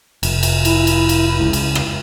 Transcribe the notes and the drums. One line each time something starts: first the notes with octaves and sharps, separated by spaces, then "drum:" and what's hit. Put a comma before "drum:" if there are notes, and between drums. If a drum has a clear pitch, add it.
F1, drum: cymbal
drum: cymbal
E4, drum: cymbal
drum: cymbal
drum: cymbal
C#2
drum: cymbal
drum: rim click